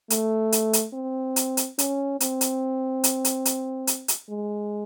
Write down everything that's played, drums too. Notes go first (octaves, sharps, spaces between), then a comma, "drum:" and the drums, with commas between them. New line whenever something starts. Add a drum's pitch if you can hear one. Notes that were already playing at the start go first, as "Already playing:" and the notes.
A3, drum: hi-hat
drum: hi-hat
drum: hi-hat
C4
drum: hi-hat
drum: hi-hat
C#4, drum: hi-hat
C4, drum: hi-hat
drum: hi-hat
drum: hi-hat
drum: hi-hat
drum: hi-hat
drum: hi-hat
drum: hi-hat
G#3